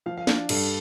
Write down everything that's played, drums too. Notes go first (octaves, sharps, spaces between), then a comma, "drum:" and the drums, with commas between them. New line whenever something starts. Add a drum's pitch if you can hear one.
F3 F5
F5
D4 D5, drum: snare
G2 A4, drum: cymbal